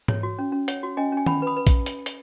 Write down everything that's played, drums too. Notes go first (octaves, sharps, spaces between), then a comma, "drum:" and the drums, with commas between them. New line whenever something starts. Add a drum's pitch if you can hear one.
C#5, drum: tom G#2
F#4
C#4
C#4
C#5 F#5, drum: hi-hat
F#4
C#4 D#5 G#5
C#4 G#5
C#4 F#5 B5, drum: tom D#3
B4 B5 D#6
B4
drum: kick, hi-hat
drum: hi-hat
drum: hi-hat